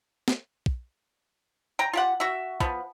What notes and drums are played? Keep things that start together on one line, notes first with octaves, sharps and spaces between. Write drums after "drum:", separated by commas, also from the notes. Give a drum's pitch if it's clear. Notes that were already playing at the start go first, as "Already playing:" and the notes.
drum: snare
drum: kick
G5 A#5
F4 G4 F#5
F#4 E5
F3 B3, drum: kick